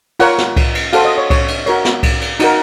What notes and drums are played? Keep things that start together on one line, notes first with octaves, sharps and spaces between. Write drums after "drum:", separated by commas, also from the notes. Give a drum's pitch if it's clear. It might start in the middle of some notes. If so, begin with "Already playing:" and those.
F4 A#4 C#5 F#5, drum: cymbal
drum: snare
drum: kick C2, cymbal
drum: cymbal
F#4 A4 C5 F5, drum: cymbal
D#5
C#5
C#5, drum: kick C2, cymbal
drum: cymbal
F#4 A#4 C#5, drum: cymbal
drum: snare
drum: kick C2, cymbal
drum: cymbal
D#4 F#4 A#4, drum: cymbal